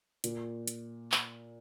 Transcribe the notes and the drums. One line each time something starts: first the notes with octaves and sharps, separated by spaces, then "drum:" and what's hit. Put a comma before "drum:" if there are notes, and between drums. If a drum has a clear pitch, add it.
A#2, drum: hi-hat
drum: hi-hat
drum: clap